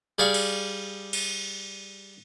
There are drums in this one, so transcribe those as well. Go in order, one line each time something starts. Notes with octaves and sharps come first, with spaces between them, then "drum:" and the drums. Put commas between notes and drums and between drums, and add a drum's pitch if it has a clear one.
G3 G#4 D5 F5 C#6
drum: cymbal
drum: cymbal